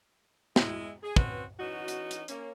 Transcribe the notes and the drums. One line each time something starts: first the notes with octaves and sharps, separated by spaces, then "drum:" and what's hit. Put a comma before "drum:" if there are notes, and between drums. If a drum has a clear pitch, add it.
G#3 E4, drum: snare
G#4
C4 C#4 F#4 B4, drum: kick
E3 C#4 D#4 F#4
drum: hi-hat
drum: hi-hat
A#3 C#4, drum: hi-hat